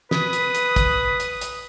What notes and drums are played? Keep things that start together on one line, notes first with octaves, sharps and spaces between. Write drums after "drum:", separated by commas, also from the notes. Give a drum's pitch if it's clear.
B4 D#6, drum: snare
drum: hi-hat
drum: hi-hat
drum: kick, hi-hat
drum: hi-hat
drum: hi-hat